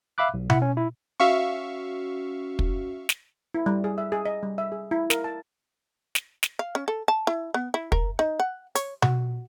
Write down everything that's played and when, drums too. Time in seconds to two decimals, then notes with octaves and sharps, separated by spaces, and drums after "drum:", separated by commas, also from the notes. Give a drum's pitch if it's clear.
0.18 E5 F5 B5 D6 F#6
0.34 B1
0.50 E4 E5 F#5, drum: tom B2
0.62 C#4
0.77 E4
1.20 C#4 F#4 E5 F5 C#6
2.59 drum: kick
3.09 drum: snare
3.54 E4
3.66 G3
3.84 G#4
3.98 E5
4.12 G#4
4.26 D#5
4.43 G3
4.58 E5
4.72 G#4
4.91 E4
5.10 A#4, drum: snare
5.24 A5
6.15 drum: snare
6.43 drum: snare
6.59 F5
6.75 C#4
6.88 A4
7.08 A5
7.27 E4
7.54 B3
7.74 E4
7.92 A#4, drum: kick
8.19 D#4
8.40 F#5
8.75 C#5, drum: hi-hat
9.02 F#4, drum: tom B2